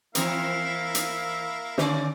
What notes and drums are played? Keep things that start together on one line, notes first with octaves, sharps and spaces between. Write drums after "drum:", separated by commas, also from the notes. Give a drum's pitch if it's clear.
E3 A#3 C4 E4 A#4 F5, drum: hi-hat
drum: hi-hat
D3 C#4 D5, drum: snare